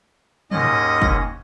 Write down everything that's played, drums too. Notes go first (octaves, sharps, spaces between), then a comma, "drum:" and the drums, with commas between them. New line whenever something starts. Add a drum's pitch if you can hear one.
D#2 G#2 C#4 D#5, drum: tom
drum: kick